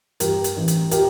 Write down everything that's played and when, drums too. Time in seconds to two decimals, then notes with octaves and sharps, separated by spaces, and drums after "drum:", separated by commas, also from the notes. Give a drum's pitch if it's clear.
0.20 G2 G4 A#4, drum: hi-hat
0.44 drum: hi-hat
0.57 A1
0.68 drum: hi-hat
0.91 G4 A#4, drum: hi-hat